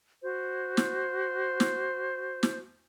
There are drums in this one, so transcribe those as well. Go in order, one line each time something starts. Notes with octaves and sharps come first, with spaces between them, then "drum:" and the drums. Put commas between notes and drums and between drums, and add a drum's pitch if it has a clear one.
F#4 C5
drum: snare
drum: snare
drum: snare